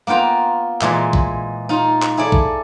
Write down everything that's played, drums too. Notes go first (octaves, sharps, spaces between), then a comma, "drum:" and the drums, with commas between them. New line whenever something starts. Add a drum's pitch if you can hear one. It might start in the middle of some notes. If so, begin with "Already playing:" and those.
A#3 B3 F4 G5 A#5
A#2 E3 G#3 G#4 D#5, drum: clap
drum: kick
D#4 F4
drum: clap
E4 G#4 A4 D5
drum: kick